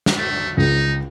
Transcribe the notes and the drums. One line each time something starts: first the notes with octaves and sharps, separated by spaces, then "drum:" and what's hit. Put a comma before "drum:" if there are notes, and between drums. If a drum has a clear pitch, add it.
drum: snare
A3
C#2 D#4